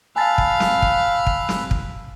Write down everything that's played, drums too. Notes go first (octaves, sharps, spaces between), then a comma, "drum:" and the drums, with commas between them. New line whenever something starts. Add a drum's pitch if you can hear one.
F5 G#5 A5 B5 E6 F#6 A6
drum: kick
drum: snare
drum: kick
drum: kick
drum: snare
drum: kick